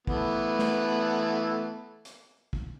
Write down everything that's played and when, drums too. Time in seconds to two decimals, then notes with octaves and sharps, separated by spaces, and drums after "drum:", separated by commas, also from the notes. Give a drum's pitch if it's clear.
0.07 E3 A3 B3, drum: kick
0.59 drum: snare
2.05 drum: hi-hat
2.53 drum: kick